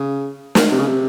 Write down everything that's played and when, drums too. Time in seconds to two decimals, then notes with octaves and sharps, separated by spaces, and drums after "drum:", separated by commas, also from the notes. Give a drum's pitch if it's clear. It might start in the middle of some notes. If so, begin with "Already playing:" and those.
Already playing: C#3
0.55 drum: snare
0.72 C3
0.79 C#3
0.86 C3